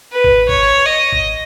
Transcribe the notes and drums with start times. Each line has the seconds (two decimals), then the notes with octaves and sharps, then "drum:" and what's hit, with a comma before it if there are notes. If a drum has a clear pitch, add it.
0.12 B4
0.24 drum: kick
0.49 C#5, drum: kick
0.86 D#5
1.12 drum: kick